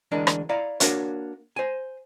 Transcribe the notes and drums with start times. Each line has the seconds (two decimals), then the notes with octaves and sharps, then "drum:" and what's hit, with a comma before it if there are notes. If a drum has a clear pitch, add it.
0.11 D2 E3 G#3 D4 A#4
0.27 drum: rim click
0.49 E4 D5 F5 A#5
0.80 A#3 D4 F#4 A#4 C#5, drum: hi-hat
1.56 C5 G#5